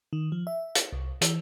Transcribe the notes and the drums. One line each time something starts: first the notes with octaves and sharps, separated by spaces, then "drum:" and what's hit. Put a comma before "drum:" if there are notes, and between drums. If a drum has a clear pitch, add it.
D#3
F3
E5
drum: hi-hat
C2
E3, drum: hi-hat